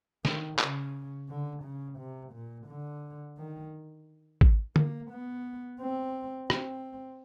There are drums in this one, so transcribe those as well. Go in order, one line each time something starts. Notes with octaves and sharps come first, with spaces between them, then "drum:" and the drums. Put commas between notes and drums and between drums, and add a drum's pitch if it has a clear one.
D#3, drum: snare
C#3, drum: clap
D3
C#3
C3
A#2
D3
D#3
drum: kick G#1
A#3, drum: tom
B3
C4
C4, drum: rim click